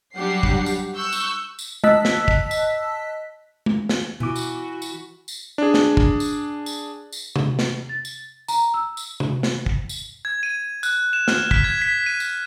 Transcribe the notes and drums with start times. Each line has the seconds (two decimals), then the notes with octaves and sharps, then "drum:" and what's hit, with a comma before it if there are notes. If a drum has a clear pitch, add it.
0.16 F#3 G3 D4 G4 F#5 C7
0.43 drum: kick
0.66 drum: tambourine
0.96 C#6 E6 F#6 G6
1.12 drum: tambourine
1.59 drum: tambourine
1.84 D#5 A5 E6 F#6 B6, drum: tom G#3
2.05 drum: snare
2.28 drum: kick
2.51 drum: tambourine
3.66 drum: tom G#3
3.89 drum: snare
4.20 B2 E3 F#4 D6
4.36 drum: tambourine
4.82 drum: tambourine
5.28 drum: tambourine
5.58 D4 G#4
5.74 drum: snare
5.97 drum: kick
6.20 drum: tambourine
6.66 drum: tambourine
7.13 drum: tambourine
7.36 drum: tom C3
7.59 drum: snare
7.89 A6
8.05 drum: tambourine
8.48 A#5, drum: tambourine
8.74 E6
8.97 drum: tambourine
9.20 drum: tom C3
9.43 drum: snare
9.66 drum: kick
9.89 drum: tambourine
10.25 G#6
10.43 D#7
10.83 F#6, drum: tambourine
11.13 E7
11.28 F6, drum: snare
11.51 B6, drum: kick
11.64 G#6
11.82 B6
12.06 D#7
12.20 drum: tambourine